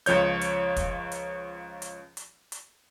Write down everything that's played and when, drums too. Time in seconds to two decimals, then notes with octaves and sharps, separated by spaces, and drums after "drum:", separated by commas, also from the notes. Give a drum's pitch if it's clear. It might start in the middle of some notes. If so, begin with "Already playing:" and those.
0.06 C#2 F3 C#5 G6, drum: hi-hat
0.41 drum: hi-hat
0.76 drum: kick, hi-hat
1.12 drum: hi-hat
1.82 drum: hi-hat
2.17 drum: hi-hat
2.52 drum: hi-hat